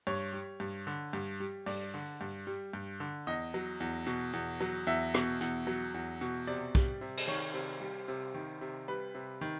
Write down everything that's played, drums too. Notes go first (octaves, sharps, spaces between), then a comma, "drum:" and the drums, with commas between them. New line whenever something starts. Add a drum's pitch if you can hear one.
G2 C#5
G3
G2
D3
G2
G3
G2 D5, drum: open hi-hat
D3
G2
G3
G2
D3
E2 D#5
F#3
E2
B2
E2
F#3
E2 E5
B2, drum: rim click
E2, drum: hi-hat
F#3
E2
B2
C3 D5
G3, drum: kick
C3
drum: cymbal
D#3 C#5
C3
G3
C3
D#3
C3
G3 B4
C3
D#3